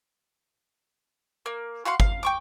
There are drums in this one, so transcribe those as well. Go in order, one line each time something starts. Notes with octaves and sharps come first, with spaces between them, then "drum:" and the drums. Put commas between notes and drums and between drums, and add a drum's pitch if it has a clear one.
A#3
F#4 F5 F#5 C6
F5, drum: kick G1
G5 C#6 D6